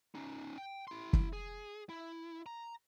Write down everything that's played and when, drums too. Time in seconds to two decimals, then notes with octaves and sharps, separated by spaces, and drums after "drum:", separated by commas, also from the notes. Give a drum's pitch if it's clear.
0.15 C#4 D#4
0.58 G5
0.88 E4 C6
1.13 drum: kick
1.33 G#4
1.89 E4
2.46 A#5